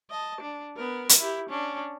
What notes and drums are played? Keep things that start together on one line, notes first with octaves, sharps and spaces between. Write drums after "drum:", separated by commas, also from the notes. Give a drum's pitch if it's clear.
D#5 A5
D4
B3 A#4
drum: hi-hat
E4 G4
C#4 D4